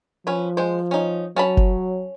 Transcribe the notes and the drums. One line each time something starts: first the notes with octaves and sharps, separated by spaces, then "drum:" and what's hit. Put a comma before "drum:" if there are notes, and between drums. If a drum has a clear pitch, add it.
F3 C#4 B4
G#3 C5
C#4 D#4
F#3 C#4 A5 B5
drum: kick F#1